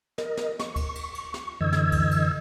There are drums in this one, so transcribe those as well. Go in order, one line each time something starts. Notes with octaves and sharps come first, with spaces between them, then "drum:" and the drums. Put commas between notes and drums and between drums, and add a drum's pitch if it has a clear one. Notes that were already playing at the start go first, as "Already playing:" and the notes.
A#4 D#5, drum: snare
drum: snare
C#6, drum: snare
drum: kick D2, cymbal
drum: cymbal
drum: cymbal
drum: snare
F#2 D3 E3 D#5 E6 G#6
drum: snare
drum: kick D2, cymbal
drum: cymbal